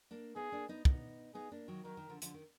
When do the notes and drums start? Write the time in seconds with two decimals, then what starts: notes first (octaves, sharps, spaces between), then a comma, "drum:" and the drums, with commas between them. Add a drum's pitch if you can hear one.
0.11 A#3 D4
0.36 B3 D#4 G#4
0.52 A#3 D4
0.69 B3 D#4
0.85 B3 D#4, drum: kick
1.34 B3 D#4 G#4
1.51 A#3 D4
1.68 D#3 F#3
1.84 D#3 F#3 A#4
1.97 D#3
2.09 D3 F3
2.22 D3 F3, drum: hi-hat
2.34 D#3